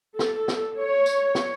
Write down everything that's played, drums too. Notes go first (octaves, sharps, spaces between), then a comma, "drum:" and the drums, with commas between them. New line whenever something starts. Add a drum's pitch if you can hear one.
A4, drum: snare
drum: snare
C#5
drum: tambourine
drum: snare